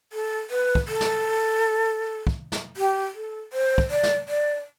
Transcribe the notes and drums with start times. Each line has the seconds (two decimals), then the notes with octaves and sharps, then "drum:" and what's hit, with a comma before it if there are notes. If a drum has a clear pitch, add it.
0.13 A4
0.50 B4
0.75 drum: kick
0.88 A4
1.00 drum: snare
2.27 drum: kick
2.52 drum: snare
2.77 G4
3.15 A4
3.53 C5
3.78 drum: kick
3.91 D5
4.03 drum: snare
4.29 D5